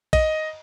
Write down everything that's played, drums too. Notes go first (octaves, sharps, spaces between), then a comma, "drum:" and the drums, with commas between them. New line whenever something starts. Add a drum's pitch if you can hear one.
D#5, drum: kick A#1, cymbal